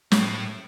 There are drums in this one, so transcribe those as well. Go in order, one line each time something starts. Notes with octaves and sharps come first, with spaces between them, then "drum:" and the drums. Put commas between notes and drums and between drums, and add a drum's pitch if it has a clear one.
A2, drum: snare